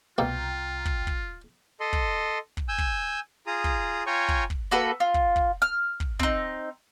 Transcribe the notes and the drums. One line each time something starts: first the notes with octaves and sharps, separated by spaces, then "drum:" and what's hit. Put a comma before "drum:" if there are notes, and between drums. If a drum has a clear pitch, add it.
C2 B2 A#3 F4 G5 A#5
drum: kick
drum: kick
A4 D#5 C6
drum: kick
drum: kick
G#5 E6 G6
drum: kick
F4 G#4 A#5 D#6
drum: kick
F4 C#5 G5 G#5 A#5 C#6
drum: kick
drum: kick
A#3 F#4 A4 B4
F4
drum: kick
drum: kick
F6
drum: kick
C4 D#4, drum: kick